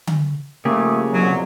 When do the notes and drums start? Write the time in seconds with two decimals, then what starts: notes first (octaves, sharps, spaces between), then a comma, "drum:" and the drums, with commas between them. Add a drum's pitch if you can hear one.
0.07 drum: tom D3
0.65 C#3 F3 A3 A#3 G4 G#4
1.11 C2 F2 B2 F#3